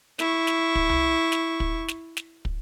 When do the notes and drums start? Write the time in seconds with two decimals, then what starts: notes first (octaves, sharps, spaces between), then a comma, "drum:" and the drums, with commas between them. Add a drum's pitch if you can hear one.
0.19 E4 C#6, drum: snare
0.47 drum: snare
0.75 drum: kick
0.90 drum: tom C2
1.32 drum: snare
1.60 drum: kick
1.88 drum: snare
2.17 drum: snare
2.45 drum: kick